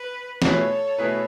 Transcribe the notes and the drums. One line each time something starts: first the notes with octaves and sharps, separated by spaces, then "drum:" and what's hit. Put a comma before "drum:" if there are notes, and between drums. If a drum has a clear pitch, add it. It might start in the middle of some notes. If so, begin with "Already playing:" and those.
Already playing: B4
B2 A3 E4 G#4 A4 B4 C#5, drum: snare
B2 A3 E4 G#4 B4